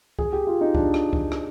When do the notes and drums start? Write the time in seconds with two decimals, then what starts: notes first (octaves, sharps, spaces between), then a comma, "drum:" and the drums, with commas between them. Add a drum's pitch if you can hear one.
0.19 G#4, drum: kick C2
0.33 G4
0.47 F4
0.61 D#4
0.75 D4, drum: kick C2
0.94 drum: rim click
1.13 drum: kick C2
1.32 drum: rim click